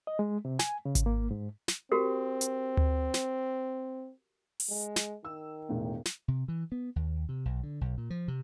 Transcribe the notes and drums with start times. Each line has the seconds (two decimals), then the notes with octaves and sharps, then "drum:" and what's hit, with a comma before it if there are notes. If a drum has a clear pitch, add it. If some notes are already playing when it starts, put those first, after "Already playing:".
0.07 D#5
0.19 G#3
0.45 C3
0.59 G#5, drum: snare
0.85 C#3
0.95 drum: kick G#1, hi-hat
1.06 A#3
1.31 G#2
1.68 drum: snare
1.92 C4 F#4 G4 A#4
2.41 drum: hi-hat
2.77 drum: tom D2
3.14 drum: snare
4.60 drum: open hi-hat
4.70 G#3
4.96 drum: snare
5.25 D#3 E6
5.69 E1 A2
6.05 drum: snare
6.28 C3
6.48 E3
6.72 B3
6.96 D#2
7.29 C3
7.45 B1
7.63 D3
7.81 B1
7.98 A#2
8.10 F3
8.28 C3